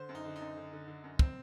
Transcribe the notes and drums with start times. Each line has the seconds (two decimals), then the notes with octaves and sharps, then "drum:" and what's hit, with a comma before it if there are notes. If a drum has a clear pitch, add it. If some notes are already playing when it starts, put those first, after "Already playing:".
Already playing: D3 C5
0.09 F#2
0.15 D#4
0.26 D3
0.36 D#4
0.41 F#2
0.56 D3
0.73 D3
0.88 D3
1.04 F#2
1.19 C4, drum: kick